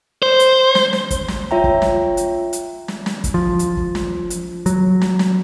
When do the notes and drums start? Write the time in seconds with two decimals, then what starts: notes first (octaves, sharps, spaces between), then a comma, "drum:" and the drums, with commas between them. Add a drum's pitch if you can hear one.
0.22 C5
0.39 drum: hi-hat
0.75 drum: snare
0.93 drum: snare
1.10 drum: kick, hi-hat
1.28 drum: snare
1.51 F4 C#5 E5 G5 A#5
1.64 drum: kick
1.82 drum: snare
2.17 drum: hi-hat
2.53 drum: hi-hat
2.88 drum: snare
3.06 drum: snare
3.24 drum: kick, hi-hat
3.34 F3
3.59 drum: hi-hat
3.77 drum: kick
3.95 drum: snare
4.30 drum: hi-hat
4.66 F#3, drum: hi-hat
5.01 drum: snare
5.19 drum: snare